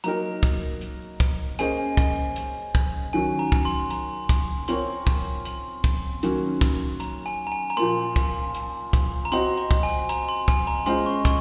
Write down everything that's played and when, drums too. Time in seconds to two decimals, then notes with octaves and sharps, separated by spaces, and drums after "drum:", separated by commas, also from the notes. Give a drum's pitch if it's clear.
0.04 F#3 A#3 D#4 A#4 A#5, drum: hi-hat
0.43 drum: kick, hi-hat
0.81 drum: hi-hat
1.20 drum: kick, hi-hat
1.59 A#3 C#4 G#4 C5 D#5 G#5, drum: hi-hat
1.97 drum: kick, hi-hat
2.36 drum: hi-hat
2.75 drum: kick, hi-hat
3.13 D#3 F#3 C#4 G#5
3.39 A#5
3.52 drum: kick, hi-hat
3.65 C6
3.91 A#5, drum: hi-hat
4.29 drum: kick, hi-hat
4.68 C4 F4 A#4 C#5 C6, drum: hi-hat
5.07 drum: kick, hi-hat
5.45 C6, drum: hi-hat
5.84 drum: kick, hi-hat
6.23 D#3 F#3 A#3 C#4, drum: hi-hat
6.61 drum: kick, hi-hat
7.00 A#5, drum: hi-hat
7.26 G#5
7.47 A#5
7.52 G#5
7.70 A#5
7.77 A#2 F3 A#3 C6, drum: hi-hat
8.16 drum: kick, hi-hat
8.55 drum: hi-hat
8.93 drum: kick, hi-hat
9.25 A#5
9.32 C4 F#4 C5 D#5 C6, drum: hi-hat
9.57 A#5
9.71 drum: kick, hi-hat
9.83 G#5
10.09 A#5, drum: hi-hat
10.29 C6
10.48 G#5, drum: kick, hi-hat
10.67 A#5
10.86 G#3 C#4 F4 C5 D#5 C6, drum: hi-hat
11.06 C#6
11.25 C#6, drum: kick, hi-hat